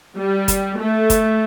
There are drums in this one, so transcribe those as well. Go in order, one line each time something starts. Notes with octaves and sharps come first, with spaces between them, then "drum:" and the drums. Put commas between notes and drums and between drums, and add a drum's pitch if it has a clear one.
G3
drum: kick, hi-hat
A3
drum: kick, hi-hat